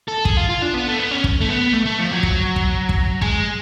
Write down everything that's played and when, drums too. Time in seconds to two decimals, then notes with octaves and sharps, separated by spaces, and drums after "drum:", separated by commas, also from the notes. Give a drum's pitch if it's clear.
0.08 A4
0.25 G#4, drum: kick
0.37 F4
0.49 F4
0.62 D4
0.74 B3
0.87 A3
0.99 B3
1.11 C#4
1.24 drum: kick
1.41 A3
1.49 B3
1.73 A3
1.85 A3
1.99 F3
2.11 F#3
2.23 drum: kick
2.56 drum: kick
2.89 drum: kick
3.22 G#3, drum: kick